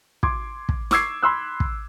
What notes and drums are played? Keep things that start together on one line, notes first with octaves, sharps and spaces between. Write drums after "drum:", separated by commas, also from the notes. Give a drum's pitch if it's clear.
C6 D6 G#6, drum: kick
drum: kick
C#6 D6 E6 G#6 C7, drum: snare
B5 C6 E6 F#6
drum: kick